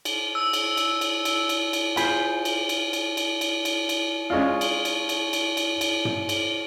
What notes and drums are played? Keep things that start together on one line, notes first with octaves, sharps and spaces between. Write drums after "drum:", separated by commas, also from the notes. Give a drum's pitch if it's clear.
drum: cymbal
E6
drum: cymbal
drum: cymbal
drum: cymbal
drum: cymbal
drum: cymbal
drum: cymbal
F4 G#4 C5 B5, drum: cymbal
drum: cymbal
drum: cymbal
drum: cymbal
drum: cymbal
drum: cymbal
drum: cymbal
drum: cymbal
G#3 C#4 D4 F4
drum: cymbal
drum: cymbal
drum: cymbal
drum: cymbal
drum: cymbal
drum: cymbal
drum: tom
drum: cymbal